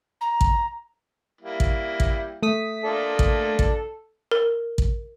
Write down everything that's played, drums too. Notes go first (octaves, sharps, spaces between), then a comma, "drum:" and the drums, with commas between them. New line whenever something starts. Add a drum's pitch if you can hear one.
A#5
drum: kick
G3 A#3 E4
drum: kick
drum: kick
A3 D#6 B6
A#3 D4 F4 A4
drum: kick
drum: kick
A#4
drum: kick